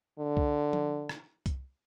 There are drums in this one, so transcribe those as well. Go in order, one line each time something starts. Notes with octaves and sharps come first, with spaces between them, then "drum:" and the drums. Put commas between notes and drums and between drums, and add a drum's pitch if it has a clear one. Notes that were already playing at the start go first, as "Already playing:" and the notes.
D3
drum: kick C2
drum: tom
drum: rim click
drum: kick C2, hi-hat